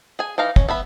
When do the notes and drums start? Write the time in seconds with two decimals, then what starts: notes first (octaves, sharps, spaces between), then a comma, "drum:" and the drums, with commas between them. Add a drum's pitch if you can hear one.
0.19 G#4 G#5
0.38 E3 D#4 F5 A#5
0.56 C#4, drum: kick
0.69 B3 E5 B5